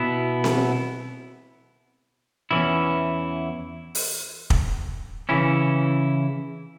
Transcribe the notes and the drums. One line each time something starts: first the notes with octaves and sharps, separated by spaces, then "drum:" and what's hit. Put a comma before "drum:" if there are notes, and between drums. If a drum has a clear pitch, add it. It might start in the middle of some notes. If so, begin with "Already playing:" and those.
Already playing: B2 B3 E4
drum: snare C4
E2 E3 C#4 E4
drum: open hi-hat
drum: kick
C#3 E3 C#4 E4